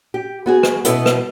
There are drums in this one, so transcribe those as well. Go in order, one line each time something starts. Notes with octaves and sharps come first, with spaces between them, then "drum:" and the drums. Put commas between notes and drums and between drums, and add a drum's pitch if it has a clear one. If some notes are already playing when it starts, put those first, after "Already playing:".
G4
B3 F#4 G#4
drum: rim click
B2 B3 E4 A4 B4, drum: hi-hat
drum: rim click